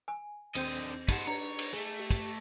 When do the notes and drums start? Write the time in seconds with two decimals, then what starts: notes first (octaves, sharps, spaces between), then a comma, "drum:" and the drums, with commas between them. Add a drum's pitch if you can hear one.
0.08 G#5
0.55 D#2 D3 C4 D#5 G6, drum: cymbal
1.08 B3 D#4 G4 C5 F#5, drum: kick, cymbal
1.27 D4 B4 C#5 A#5
1.59 drum: cymbal
1.74 A3 G#4
2.00 G4
2.11 drum: kick, cymbal